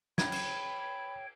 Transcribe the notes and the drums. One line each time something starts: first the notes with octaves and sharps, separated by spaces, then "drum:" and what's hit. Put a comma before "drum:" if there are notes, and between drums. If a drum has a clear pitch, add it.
C#5 G5 B5 G#6, drum: snare
drum: cymbal